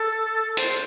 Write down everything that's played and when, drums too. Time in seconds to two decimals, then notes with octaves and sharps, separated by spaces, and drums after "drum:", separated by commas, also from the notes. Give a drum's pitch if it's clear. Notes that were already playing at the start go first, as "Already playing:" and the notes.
Already playing: A4
0.57 C5, drum: hi-hat